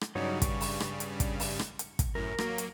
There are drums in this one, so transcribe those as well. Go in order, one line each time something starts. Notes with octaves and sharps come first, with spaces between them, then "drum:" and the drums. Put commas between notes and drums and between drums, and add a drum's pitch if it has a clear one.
drum: rim click
G2 C#3 F#3 G3 D#4 C#5
C#6, drum: kick, hi-hat
drum: open hi-hat
drum: rim click
drum: hi-hat
drum: kick, hi-hat
drum: open hi-hat
drum: rim click
drum: hi-hat
drum: kick, hi-hat
F#2 A2 A#4
F#3 A#3, drum: rim click
drum: hi-hat